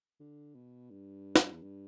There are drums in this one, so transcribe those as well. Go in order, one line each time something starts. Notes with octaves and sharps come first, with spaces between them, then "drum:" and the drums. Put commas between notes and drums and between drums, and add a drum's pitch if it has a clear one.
D3
B2
G2
drum: snare
E2
G2